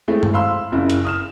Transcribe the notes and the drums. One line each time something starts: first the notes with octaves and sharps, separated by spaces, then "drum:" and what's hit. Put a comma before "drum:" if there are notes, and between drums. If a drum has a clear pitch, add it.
G#3 A3 C4 E4
drum: tom G2
F5 B5 C6 E6
F#1 C#3 E4
drum: hi-hat
D#6 F6 E7